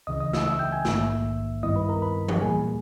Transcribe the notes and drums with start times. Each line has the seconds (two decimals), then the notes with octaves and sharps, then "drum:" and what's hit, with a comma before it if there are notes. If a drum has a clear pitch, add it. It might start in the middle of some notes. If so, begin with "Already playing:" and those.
0.07 C#2 C#3 E3 D#5 D#6
0.20 D#5 D#6
0.33 E5 E6, drum: snare
0.46 E5 E6
0.59 G5 G6
0.72 G#5 G#6
0.85 A#1 G#2 D#3 A#3 E5 E6, drum: snare
1.63 G2 D#3 G3 B3 E4 D#5 D#6
1.76 B4 B5
1.89 A#4 A#5
2.02 B4 B5
2.29 drum: tom E3
2.41 A#2 G3 A#3 G#4 G#5